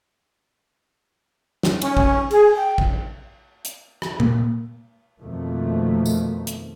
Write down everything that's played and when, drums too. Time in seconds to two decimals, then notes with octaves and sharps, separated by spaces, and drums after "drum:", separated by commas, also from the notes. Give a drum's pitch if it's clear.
1.63 drum: snare
1.82 C#4, drum: cymbal
1.97 drum: kick
2.31 G#4, drum: cymbal
2.55 G5
2.78 drum: kick
3.65 drum: hi-hat
4.02 drum: rim click
4.20 A#3, drum: tom A#2
5.20 F2 B2 D#3 A3 A#3
6.06 drum: tambourine
6.47 drum: hi-hat